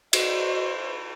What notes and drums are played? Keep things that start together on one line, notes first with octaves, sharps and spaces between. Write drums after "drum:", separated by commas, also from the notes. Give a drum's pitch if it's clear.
F#4 C5 D#5, drum: cymbal